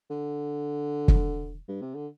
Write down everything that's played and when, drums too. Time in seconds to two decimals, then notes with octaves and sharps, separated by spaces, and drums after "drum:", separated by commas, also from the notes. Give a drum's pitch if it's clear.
0.10 D3
1.08 drum: kick
1.68 G2
1.81 C3
1.95 D3